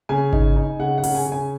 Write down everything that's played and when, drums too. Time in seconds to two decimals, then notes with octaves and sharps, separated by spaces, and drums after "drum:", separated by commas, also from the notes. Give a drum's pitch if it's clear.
0.09 C#3 G#5
0.33 D#4, drum: kick G#1
0.56 D#4
0.79 C#3 F#5
0.98 F#5
1.04 C#3, drum: open hi-hat
1.15 G#5
1.26 C#3
1.32 G#5